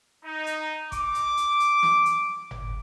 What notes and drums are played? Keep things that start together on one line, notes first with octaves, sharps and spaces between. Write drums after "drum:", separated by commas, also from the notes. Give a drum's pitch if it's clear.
D#4
drum: hi-hat
D6, drum: kick G#1, hi-hat
drum: hi-hat
drum: hi-hat
drum: hi-hat
drum: snare
drum: hi-hat
drum: tom G1